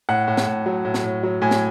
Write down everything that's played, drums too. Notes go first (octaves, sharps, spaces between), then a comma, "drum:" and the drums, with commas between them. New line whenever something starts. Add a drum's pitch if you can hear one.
A2 F#5
A2
drum: snare
A2
F#3
A2
drum: snare
A2
F#3
A2 G#5
drum: snare